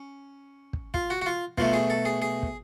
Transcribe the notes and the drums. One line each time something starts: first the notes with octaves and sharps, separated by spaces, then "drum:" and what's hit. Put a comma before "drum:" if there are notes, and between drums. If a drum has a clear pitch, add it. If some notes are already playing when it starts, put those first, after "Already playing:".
Already playing: C#4
drum: kick
F4, drum: kick
F#4
F#4
F4
B2 F#3 A3 F4, drum: kick
G#4
A4
G#4
G#4
drum: kick